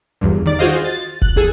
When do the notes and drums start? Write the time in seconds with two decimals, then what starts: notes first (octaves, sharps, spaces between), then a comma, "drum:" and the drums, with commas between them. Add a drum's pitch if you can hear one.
0.21 G1 E2 G2
0.46 D#3 D5
0.59 F4 F#4 G#4 C5 D#5 F5
0.84 A6
1.22 F#6, drum: kick
1.36 E2 G#4 A4